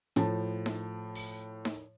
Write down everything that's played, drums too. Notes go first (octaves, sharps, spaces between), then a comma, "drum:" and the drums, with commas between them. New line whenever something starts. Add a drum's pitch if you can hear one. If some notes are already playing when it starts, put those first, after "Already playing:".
A2 F3 A5, drum: hi-hat
drum: snare D#4
drum: open hi-hat
drum: snare D#4